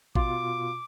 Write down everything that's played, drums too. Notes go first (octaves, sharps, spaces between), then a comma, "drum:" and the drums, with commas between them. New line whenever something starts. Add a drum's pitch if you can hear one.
B2 F4 D6, drum: kick A1